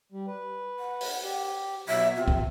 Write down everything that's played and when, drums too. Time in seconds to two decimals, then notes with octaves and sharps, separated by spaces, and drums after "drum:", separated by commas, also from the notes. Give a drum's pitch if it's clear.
0.12 G3
0.27 B4
0.79 F#5
1.01 drum: open hi-hat
1.24 G4
1.88 B2 F#3 E5
2.17 C3 C4 F4 E5
2.28 drum: kick